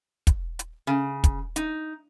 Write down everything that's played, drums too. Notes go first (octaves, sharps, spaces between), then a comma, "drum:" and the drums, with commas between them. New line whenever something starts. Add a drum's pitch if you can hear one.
drum: kick, hi-hat
drum: hi-hat
C#3
drum: kick, hi-hat
D#4, drum: hi-hat